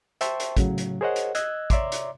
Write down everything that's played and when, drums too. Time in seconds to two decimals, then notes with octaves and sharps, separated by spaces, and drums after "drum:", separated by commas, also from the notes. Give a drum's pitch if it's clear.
0.21 C5 E5 G5 A5 C6 C#6, drum: hi-hat
0.40 drum: hi-hat
0.57 A2 C#3 F#3, drum: kick, hi-hat
0.78 drum: hi-hat
1.01 G#4 A#4 C5 C#5 D#5 F#5
1.16 drum: hi-hat
1.35 D#5 E6 F#6 G#6, drum: hi-hat
1.70 C#5 D5 E5 A#5 C6 D6, drum: kick, hi-hat
1.92 drum: hi-hat